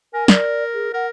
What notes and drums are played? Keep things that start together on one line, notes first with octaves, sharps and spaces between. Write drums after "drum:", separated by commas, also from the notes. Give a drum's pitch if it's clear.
A#4 G#5
D5, drum: snare
G#4
A#4 F#5